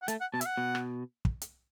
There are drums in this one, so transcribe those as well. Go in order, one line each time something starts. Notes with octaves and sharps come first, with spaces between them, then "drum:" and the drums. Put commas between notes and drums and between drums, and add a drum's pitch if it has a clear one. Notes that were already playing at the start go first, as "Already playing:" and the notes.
F#5
A3 A5, drum: hi-hat
F#5
B2 A5
E5, drum: hi-hat
F#5
B2
drum: rim click
drum: kick
drum: hi-hat